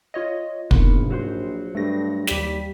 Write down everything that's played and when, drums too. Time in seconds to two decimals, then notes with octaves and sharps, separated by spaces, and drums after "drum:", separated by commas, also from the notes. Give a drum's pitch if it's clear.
0.14 F4 C#5 D#5
0.71 A#1 G#2 C3 A#3 B3, drum: kick
1.10 F#3 F#4 C5
1.75 G2 A3 A#6
2.27 D#2 G3 G4 B6, drum: snare